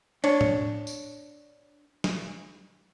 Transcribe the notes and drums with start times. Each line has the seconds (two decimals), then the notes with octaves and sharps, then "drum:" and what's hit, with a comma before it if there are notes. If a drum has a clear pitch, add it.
0.24 D4 C#5, drum: cymbal
0.41 drum: tom A2
0.87 drum: tambourine
2.04 drum: snare